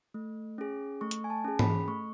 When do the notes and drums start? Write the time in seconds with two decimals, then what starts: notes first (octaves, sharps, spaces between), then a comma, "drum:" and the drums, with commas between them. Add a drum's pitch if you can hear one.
0.14 A3
0.58 C#4 G#4
1.01 A3 C#6
1.11 drum: hi-hat
1.24 G#5
1.30 A5
1.44 C#4 G#4
1.59 B5, drum: tom G#2
1.88 A3 C#6